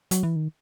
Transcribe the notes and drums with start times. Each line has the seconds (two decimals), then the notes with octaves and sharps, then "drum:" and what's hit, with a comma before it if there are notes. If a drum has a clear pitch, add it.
0.11 F#3, drum: hi-hat
0.23 E3
0.36 D#3